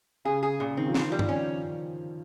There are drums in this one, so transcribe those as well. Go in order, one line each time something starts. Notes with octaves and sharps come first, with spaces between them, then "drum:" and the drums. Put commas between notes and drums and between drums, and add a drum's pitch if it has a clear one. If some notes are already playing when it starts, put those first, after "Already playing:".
C#3 G#4
G#4
A#2 C#3
D#3 C4
F3
D#3 C4, drum: snare
F3 G3
D#3, drum: tom
C#4